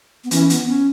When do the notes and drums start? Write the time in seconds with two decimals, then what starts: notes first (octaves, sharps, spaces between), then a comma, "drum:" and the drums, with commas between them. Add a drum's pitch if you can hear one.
0.24 B3
0.31 E3 C#4, drum: hi-hat
0.50 B3, drum: hi-hat
0.68 C#4